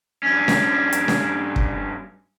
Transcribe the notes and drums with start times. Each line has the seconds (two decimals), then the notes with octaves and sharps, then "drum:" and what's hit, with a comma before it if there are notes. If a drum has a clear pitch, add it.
0.23 G2 C#4
0.48 drum: snare C#4
0.93 drum: hi-hat
1.08 drum: snare C#4
1.56 drum: kick